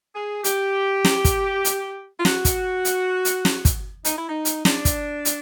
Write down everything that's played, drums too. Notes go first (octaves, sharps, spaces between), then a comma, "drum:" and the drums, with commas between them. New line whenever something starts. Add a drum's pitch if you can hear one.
G#4
G4, drum: hi-hat
drum: snare
drum: kick, hi-hat
drum: hi-hat
F4
F#4, drum: snare
drum: kick, hi-hat
drum: hi-hat
drum: hi-hat
drum: snare
drum: kick, hi-hat
D#4, drum: hi-hat
E4
D#4
drum: hi-hat
D4, drum: snare
drum: kick, hi-hat
drum: hi-hat